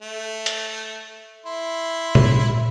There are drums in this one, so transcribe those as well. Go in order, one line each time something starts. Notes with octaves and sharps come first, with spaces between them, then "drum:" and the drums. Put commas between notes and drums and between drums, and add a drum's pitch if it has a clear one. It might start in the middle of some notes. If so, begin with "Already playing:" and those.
A3
drum: hi-hat
E4 C6
drum: tom A#2